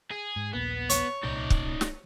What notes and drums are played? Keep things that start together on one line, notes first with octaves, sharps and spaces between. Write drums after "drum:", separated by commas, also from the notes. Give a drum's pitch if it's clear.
G#4
G#2
D#1 A#1 A#3 B3
C#5, drum: hi-hat
D1 C2 A#2 D#4 D5
drum: kick
drum: snare